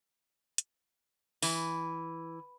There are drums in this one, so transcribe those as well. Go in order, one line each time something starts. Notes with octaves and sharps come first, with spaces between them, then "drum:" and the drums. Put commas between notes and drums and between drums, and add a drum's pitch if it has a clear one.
drum: hi-hat
E3, drum: open hi-hat